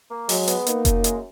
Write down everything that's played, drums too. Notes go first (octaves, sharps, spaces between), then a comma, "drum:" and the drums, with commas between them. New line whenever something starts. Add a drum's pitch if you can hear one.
A#3
F#3 G#3, drum: open hi-hat
B3, drum: hi-hat
A#3 D#4, drum: hi-hat
F#2, drum: kick F1, hi-hat
G#3, drum: hi-hat